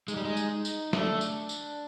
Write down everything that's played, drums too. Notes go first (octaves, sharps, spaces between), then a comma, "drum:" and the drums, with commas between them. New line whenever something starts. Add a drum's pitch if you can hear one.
G#3 D#4, drum: tambourine
G3
G#3
drum: tambourine
D#4
drum: tambourine
A3 D4, drum: snare
drum: tambourine
drum: tambourine